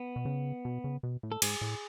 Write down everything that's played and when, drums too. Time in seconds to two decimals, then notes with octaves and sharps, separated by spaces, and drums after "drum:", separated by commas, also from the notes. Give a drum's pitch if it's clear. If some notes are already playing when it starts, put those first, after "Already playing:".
Already playing: B3
0.16 B2
0.25 C#3
0.65 B2
0.84 C#3
1.03 B2
1.23 A2
1.32 A4
1.42 G#2 G#4, drum: cymbal
1.61 A2